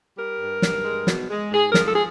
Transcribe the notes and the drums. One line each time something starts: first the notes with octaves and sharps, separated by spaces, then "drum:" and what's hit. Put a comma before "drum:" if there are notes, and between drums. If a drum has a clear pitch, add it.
G3 A#4
G2
G2, drum: snare
G#3
B2, drum: snare
G#3
G#2 G#4
A#4
F3, drum: snare
A4
G#4